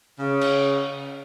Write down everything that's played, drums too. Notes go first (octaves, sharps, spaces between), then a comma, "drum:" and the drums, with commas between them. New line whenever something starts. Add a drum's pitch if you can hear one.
C#3
drum: cymbal